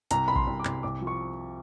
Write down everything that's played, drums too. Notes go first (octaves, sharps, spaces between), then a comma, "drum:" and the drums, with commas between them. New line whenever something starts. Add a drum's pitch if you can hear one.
C2 A#5, drum: hi-hat
C2 B5
C6, drum: kick A#1
C2
D6
C2, drum: clap
C2 D6
F3
C#6